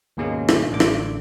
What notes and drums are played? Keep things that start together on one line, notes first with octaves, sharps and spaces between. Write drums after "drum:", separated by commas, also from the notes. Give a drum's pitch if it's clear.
D#2 G#2 B2 G#3 A#3 C#4
drum: rim click
A1 D3 A3 D6
drum: rim click